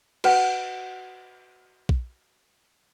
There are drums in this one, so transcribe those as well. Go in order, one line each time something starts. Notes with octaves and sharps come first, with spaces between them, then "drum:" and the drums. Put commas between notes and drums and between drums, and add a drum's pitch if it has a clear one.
F#4 B4 F#5, drum: cymbal
drum: kick